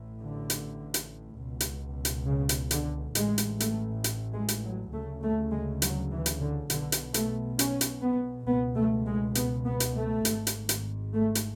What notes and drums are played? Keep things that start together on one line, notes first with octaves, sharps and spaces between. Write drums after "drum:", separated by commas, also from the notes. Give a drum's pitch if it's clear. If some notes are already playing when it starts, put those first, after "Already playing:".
Already playing: A1 A2
D3
drum: hi-hat
drum: hi-hat
C#2 B2
drum: hi-hat
drum: hi-hat
C#3
drum: hi-hat
D3, drum: hi-hat
A1 A2 G#3, drum: hi-hat
drum: hi-hat
A3, drum: hi-hat
drum: hi-hat
G#3
drum: hi-hat
F#3
D2 C#3 A3
A3
G#3
F#3, drum: hi-hat
E3
drum: hi-hat
D3
B1 B2 D3, drum: hi-hat
drum: hi-hat
A3, drum: hi-hat
C#4, drum: hi-hat
drum: hi-hat
B3
C#2 B2 B3
A3
G#3
B3, drum: hi-hat
B3
drum: hi-hat
A3
G#1 G#2, drum: hi-hat
drum: hi-hat
drum: hi-hat
A3
drum: hi-hat